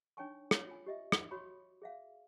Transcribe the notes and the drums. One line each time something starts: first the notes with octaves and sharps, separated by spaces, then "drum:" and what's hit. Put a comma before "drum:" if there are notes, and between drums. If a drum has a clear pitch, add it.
D4 D#4 C#5 G5 G#5 C#6
C#5, drum: rim click
F4 G#5
G4 D#5 E5
drum: rim click
F#4 C#5 B5 C#6
G#4 E5 F5